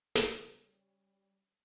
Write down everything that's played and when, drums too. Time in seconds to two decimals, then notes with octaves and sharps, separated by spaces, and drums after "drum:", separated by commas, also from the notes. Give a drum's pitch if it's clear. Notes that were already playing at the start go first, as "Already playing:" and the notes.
0.15 C#3 G3 C#4, drum: snare